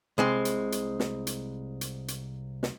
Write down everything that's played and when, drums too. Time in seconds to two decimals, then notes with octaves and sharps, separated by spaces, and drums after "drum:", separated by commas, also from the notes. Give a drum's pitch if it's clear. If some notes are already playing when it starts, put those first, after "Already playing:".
0.18 C2 G#3 C4
0.45 drum: hi-hat
0.72 drum: hi-hat
0.99 drum: snare
1.27 drum: hi-hat
1.81 drum: hi-hat
2.08 drum: hi-hat
2.63 drum: snare